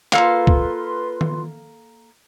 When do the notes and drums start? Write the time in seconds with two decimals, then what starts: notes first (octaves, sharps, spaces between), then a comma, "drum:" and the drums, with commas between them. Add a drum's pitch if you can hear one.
0.13 A#3 F4 A4 B4 F5 C6, drum: clap
0.47 drum: kick
1.21 drum: tom D#3